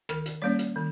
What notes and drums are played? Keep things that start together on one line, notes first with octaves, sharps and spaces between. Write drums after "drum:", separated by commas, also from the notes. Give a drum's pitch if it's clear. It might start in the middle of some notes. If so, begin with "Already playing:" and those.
D#3 A#4, drum: rim click
drum: hi-hat
G3 A#3 C#4 C#5
drum: hi-hat
D#3